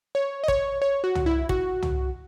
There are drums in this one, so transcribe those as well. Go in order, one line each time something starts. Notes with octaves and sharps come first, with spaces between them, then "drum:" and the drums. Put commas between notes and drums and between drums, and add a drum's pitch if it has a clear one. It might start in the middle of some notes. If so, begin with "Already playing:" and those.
C#5
D#5
C#5, drum: kick
C#5
F#4
drum: tom
E4
F#4, drum: kick
drum: tom